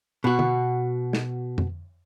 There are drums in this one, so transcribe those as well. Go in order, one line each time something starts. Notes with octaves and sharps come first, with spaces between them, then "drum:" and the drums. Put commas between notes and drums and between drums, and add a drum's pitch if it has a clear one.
B2 F#4
drum: tom
drum: snare
drum: tom